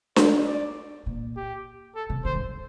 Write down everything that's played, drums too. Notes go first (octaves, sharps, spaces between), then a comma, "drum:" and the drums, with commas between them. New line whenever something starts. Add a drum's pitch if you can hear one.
C5, drum: snare D4
D5
A#2
G4
A4
C3
D3 C5
G2